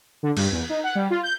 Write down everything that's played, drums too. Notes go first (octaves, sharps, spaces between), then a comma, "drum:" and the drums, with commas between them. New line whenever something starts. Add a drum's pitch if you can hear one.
D3
G2, drum: cymbal
E2
D#4
F#5
G3
F4
G6